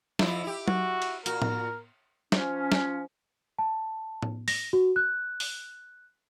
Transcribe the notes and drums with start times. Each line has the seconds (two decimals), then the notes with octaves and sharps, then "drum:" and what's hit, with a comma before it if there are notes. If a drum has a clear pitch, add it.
0.19 F2 F3 E4, drum: snare
0.43 E4 G4
0.68 F#4, drum: tom F#3
1.02 drum: cymbal
1.26 A#2 F#4 A#4, drum: hi-hat
1.42 drum: tom A2
2.32 F3 C#4, drum: snare
2.72 drum: snare
3.59 A5
4.23 drum: tom A2
4.48 A#6, drum: open hi-hat
4.73 F#4
4.96 F#6
5.40 drum: open hi-hat